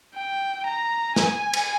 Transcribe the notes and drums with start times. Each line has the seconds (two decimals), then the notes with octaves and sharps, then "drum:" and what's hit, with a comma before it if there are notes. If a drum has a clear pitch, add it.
0.15 G5
0.66 A#5
1.16 G#5, drum: snare
1.53 drum: cymbal